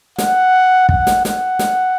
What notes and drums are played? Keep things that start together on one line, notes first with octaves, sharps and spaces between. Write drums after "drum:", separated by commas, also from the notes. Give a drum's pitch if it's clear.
F#5, drum: snare
F#5, drum: kick
drum: snare
F#5, drum: snare
drum: snare